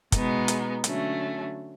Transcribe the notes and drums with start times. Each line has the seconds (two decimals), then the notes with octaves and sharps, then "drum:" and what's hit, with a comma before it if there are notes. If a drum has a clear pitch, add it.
0.12 B2 G#3 B3 D#4, drum: kick, hi-hat
0.48 drum: hi-hat
0.84 D3 F#3 A3 C#4, drum: hi-hat